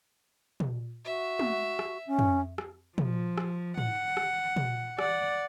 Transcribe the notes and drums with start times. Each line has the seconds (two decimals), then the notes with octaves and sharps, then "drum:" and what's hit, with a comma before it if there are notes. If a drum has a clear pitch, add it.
0.60 drum: tom
1.05 F#4 E5
1.39 drum: tom
1.79 drum: rim click
2.06 C#4
2.19 drum: tom
2.58 drum: rim click
2.98 F3, drum: tom
3.38 drum: rim click
3.78 F#5, drum: tom
4.17 drum: rim click
4.56 drum: tom
4.99 D5 F#5, drum: rim click